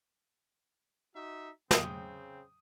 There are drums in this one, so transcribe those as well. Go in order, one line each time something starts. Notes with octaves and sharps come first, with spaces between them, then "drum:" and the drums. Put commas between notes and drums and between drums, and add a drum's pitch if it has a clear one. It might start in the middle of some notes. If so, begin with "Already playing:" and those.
D#4 F#4 E5
C#3 C4 G5 D#6, drum: snare